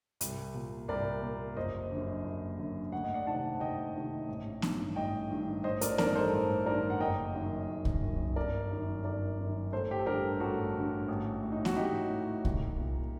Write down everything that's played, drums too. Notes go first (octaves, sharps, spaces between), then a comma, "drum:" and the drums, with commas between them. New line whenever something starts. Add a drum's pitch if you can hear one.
C2, drum: hi-hat
A#2
C2 A#4 D5
A#2
F#1 C5 D#5
F#2 D3
F#1
F#2 D3
D2 F#5
D#5
D5 F#5
C3 D#3 F#5 A5
D2 D#5 G5
C3 D#3
A1
G2 D#3, drum: snare B3
A1 D#5 G5
G2 D#3
A1 C5 D#5
A#4 D5, drum: hi-hat
G2 D#3 A#4 D5, drum: snare B3
A4 C5
A1
G2 D#3 A#4 D5
F#5
F#1 D#5 G5
F#2 D#3
F#1
drum: kick C2
F#2 D#3
G1 A#4 D5
F#2 D#3
G1 A#4 D5
F#2 D#3
A1 A4 C5
G4
A4
G2 D3 G4 A#4
A1 F#4 A4
G2 D3
A1
A2
D#4
F#4, drum: snare B3
A1 D#4 G4
A2
C2, drum: kick C2
A#2